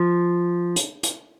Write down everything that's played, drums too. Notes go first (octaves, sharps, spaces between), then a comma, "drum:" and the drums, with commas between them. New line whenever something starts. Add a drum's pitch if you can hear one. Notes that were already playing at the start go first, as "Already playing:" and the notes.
Already playing: F3
drum: hi-hat
drum: hi-hat